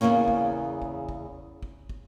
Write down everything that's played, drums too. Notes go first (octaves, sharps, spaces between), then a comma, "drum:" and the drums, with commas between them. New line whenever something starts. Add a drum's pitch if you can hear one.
E2 A2 C#3 A#3 C#4
drum: kick
drum: kick
drum: kick
drum: kick
drum: kick